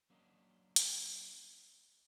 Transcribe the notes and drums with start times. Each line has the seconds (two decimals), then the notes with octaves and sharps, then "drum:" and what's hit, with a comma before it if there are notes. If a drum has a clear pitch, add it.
0.10 F#3 A#3 C#4 D4 A#4 D#5
0.76 drum: hi-hat